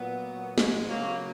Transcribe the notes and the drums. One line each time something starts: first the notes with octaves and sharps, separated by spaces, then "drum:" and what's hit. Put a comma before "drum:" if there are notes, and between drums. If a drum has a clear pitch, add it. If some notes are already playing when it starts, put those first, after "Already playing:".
Already playing: A#2 F#3 B3
G#3, drum: snare
C#3 F#3 A#3